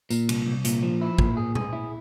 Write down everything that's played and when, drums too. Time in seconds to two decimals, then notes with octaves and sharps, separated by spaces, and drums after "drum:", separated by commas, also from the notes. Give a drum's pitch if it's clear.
0.10 A#2, drum: tambourine
0.29 C2, drum: cymbal
0.46 C2
0.65 A#2, drum: hi-hat
0.83 F3
1.01 E4
1.19 A#2, drum: kick G#1
1.37 G#4
1.55 G#4, drum: tom A#2
1.73 E4